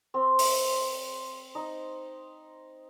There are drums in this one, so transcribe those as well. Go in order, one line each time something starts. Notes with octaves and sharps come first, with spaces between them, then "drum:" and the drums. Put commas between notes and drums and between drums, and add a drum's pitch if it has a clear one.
C4
drum: open hi-hat
D#4